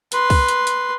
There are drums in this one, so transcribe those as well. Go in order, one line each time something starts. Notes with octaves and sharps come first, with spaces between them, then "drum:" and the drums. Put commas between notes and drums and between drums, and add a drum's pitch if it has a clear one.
B4 C6, drum: hi-hat
drum: kick, open hi-hat
drum: hi-hat
drum: hi-hat